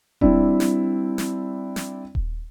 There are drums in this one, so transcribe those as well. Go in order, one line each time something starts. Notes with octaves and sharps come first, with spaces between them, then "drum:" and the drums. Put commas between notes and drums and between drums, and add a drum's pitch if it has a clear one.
G3 C4 D4 E4, drum: kick D#1
drum: snare
drum: snare
drum: snare
drum: kick D#1